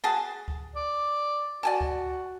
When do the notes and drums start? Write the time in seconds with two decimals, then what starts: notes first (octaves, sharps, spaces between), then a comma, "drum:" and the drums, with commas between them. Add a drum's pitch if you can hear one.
0.04 F#4 G#4 A5
0.48 drum: kick C#2
0.76 D5
1.63 F#4 D5 G#5 A5
1.81 drum: kick C#2